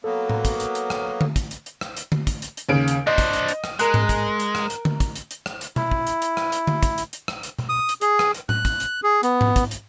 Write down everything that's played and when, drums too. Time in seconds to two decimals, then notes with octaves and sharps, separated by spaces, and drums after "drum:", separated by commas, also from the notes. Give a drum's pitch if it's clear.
0.04 F#3 A#3 B3 A4
0.30 drum: tom A2
0.45 drum: kick, hi-hat
0.60 drum: hi-hat
0.75 drum: hi-hat
0.90 drum: rim click
1.21 drum: tom D3
1.36 drum: kick, hi-hat
1.51 drum: hi-hat
1.66 drum: hi-hat
1.81 drum: rim click
1.97 drum: hi-hat
2.12 drum: tom D3
2.27 drum: kick, hi-hat
2.42 drum: hi-hat
2.57 drum: hi-hat
2.69 D#2 C#3 D7
2.88 drum: hi-hat
3.07 D4 C5 D#5
3.18 drum: kick, hi-hat
3.33 drum: hi-hat
3.48 drum: hi-hat
3.64 drum: rim click
3.79 G#3 A#4 F#6, drum: hi-hat
3.94 drum: tom G#2
4.09 drum: kick, hi-hat
4.40 drum: hi-hat
4.55 drum: rim click
4.70 drum: hi-hat
4.85 drum: tom D3
5.00 drum: kick, hi-hat
5.16 drum: hi-hat
5.31 drum: hi-hat
5.46 drum: rim click
5.61 drum: hi-hat
5.76 E4, drum: tom B2
5.91 drum: kick
6.07 drum: hi-hat
6.22 drum: hi-hat
6.37 drum: rim click
6.52 drum: hi-hat
6.67 drum: tom D3
6.83 drum: kick, hi-hat
6.98 drum: hi-hat
7.13 drum: hi-hat
7.28 drum: rim click
7.43 drum: hi-hat
7.59 drum: tom B2
7.69 D#6
7.89 drum: hi-hat
8.01 G#4, drum: hi-hat
8.19 drum: rim click
8.34 drum: hi-hat
8.49 F#6, drum: tom A2
8.65 drum: kick, hi-hat
8.80 drum: hi-hat
9.03 G#4
9.23 B3, drum: hi-hat
9.41 drum: tom G#2
9.56 drum: kick, hi-hat
9.71 drum: hi-hat